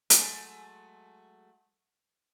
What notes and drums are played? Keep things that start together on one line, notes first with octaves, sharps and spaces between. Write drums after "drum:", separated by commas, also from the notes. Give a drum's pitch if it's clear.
F#3 G#3 A3, drum: hi-hat